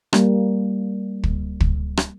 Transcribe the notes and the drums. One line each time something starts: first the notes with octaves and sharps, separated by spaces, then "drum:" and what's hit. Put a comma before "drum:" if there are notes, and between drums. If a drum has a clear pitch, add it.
G3 A#3, drum: rim click
drum: kick
drum: kick
drum: rim click